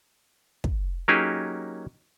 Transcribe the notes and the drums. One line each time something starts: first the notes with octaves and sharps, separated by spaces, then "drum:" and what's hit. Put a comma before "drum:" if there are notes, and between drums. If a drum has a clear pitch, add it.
drum: kick
F#3 A#3 C#4 D#4 G4 G#4